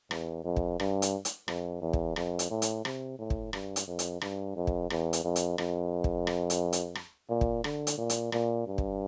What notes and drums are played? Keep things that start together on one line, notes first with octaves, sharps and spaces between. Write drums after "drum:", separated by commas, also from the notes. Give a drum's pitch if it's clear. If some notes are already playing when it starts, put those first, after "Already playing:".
E2, drum: rim click
F2
drum: kick
G2, drum: rim click
drum: hi-hat
drum: hi-hat
F2, drum: rim click
E2
drum: kick
F2, drum: rim click
drum: hi-hat
A2
drum: hi-hat
C3, drum: rim click
A2
drum: kick
G2, drum: rim click
drum: hi-hat
F2
drum: hi-hat
G2, drum: rim click
F2
drum: kick
E2, drum: rim click
drum: hi-hat
F2
drum: hi-hat
F2, drum: rim click
drum: kick
drum: rim click
drum: hi-hat
drum: hi-hat
drum: rim click
A#2
drum: kick
D3, drum: rim click
drum: hi-hat
A#2
drum: hi-hat
A#2, drum: rim click
G2
drum: kick